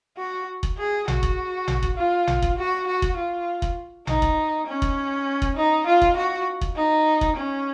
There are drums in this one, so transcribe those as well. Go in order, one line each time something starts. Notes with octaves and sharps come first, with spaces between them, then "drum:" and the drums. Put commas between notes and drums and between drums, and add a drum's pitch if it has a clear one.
F#4
drum: kick
G#4
F#4, drum: tom A1
drum: kick
drum: tom A1
drum: kick
F4
drum: tom A1
drum: kick
F#4
F#4
drum: kick
F4
drum: kick
D#4, drum: tom A1
drum: kick
C#4
drum: kick
drum: kick
D#4
F4
drum: kick
F#4
drum: kick
D#4
drum: kick
C#4